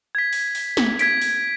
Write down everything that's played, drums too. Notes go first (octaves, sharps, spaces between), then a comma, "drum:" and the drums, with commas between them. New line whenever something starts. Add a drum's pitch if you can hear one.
G#6 B6
drum: open hi-hat
drum: open hi-hat
drum: snare
G#6 B6 D7, drum: hi-hat
drum: open hi-hat